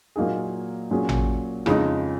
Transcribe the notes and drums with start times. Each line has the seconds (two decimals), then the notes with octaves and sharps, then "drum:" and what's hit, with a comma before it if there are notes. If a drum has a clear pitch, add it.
0.16 A#2 F#3 A#3 D#4 G#4
0.91 A#2 F#3 C#4 G#4
1.09 drum: tom A1
1.66 F2 C#3 G#3 D#4, drum: rim click